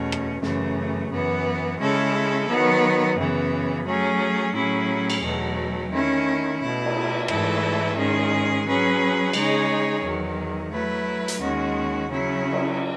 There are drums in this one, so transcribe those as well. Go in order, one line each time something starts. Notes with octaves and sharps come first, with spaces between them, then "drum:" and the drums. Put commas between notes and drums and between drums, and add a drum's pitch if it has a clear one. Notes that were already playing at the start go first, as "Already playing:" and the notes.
Already playing: E2 B2 A3 C#4
drum: rim click
F#2 C#3 E3 A3, drum: snare
F#2 E3 B3
C#3 G#3 C#4 E4 A4
D#3 F#3 B3
F#2 C#3 E3 B3
F#3 A3 C#4 G#4
A2 F#3 C#4 E4 G#4
drum: cymbal
E2 B2 F#3 A3
D#3 A3 C#4 E4
B2 A3 E4
drum: cymbal
G#2 E3 A3 E4 A4, drum: rim click
G#2 D#3 G#3 C#4 G#4
F#3 C#4 G#4 B4
C#3 G#3 D#4 G#4 C#5, drum: cymbal
E2 D#3 F#3
F#3 A3 E4 B4
drum: hi-hat
D#2 D#3 G#3 C#4 F#4
C#3 F#3 C#4 E4
drum: cymbal